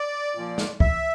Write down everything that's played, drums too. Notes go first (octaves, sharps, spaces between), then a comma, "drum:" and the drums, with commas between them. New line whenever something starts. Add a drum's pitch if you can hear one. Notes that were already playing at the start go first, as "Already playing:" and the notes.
Already playing: D5
A#2 F3
drum: snare
E5, drum: kick